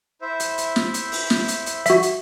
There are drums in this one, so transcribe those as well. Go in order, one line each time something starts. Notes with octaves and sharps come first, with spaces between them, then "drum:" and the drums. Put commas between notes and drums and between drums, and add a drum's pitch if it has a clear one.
E4 C5 E5
drum: hi-hat
drum: hi-hat
drum: snare
drum: hi-hat
drum: open hi-hat
drum: snare
drum: hi-hat
drum: hi-hat
F#4 E5, drum: hi-hat
drum: hi-hat